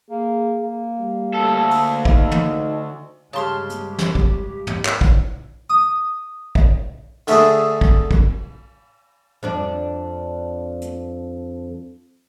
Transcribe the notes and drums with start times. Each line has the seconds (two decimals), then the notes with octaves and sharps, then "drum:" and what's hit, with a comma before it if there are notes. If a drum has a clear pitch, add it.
0.10 A#3 G#4
0.63 A#3
0.98 G3
1.34 D2 A4
1.71 drum: open hi-hat
2.05 D#4, drum: kick
2.31 drum: tom
3.33 G2 C#3 G#3 G4 A5 C6 F6
3.70 drum: hi-hat
3.98 drum: snare
4.15 drum: kick
4.67 drum: tom
4.85 drum: clap
5.01 drum: kick
5.70 D#6
6.55 drum: kick
7.27 D3 A3 D4 G#4, drum: cymbal
7.81 drum: kick
8.11 drum: kick
9.43 F2 D4 D5
10.82 drum: hi-hat